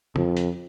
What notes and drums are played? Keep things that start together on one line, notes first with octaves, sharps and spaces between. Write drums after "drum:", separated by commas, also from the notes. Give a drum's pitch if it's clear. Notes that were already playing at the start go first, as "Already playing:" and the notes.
F2, drum: tom
drum: hi-hat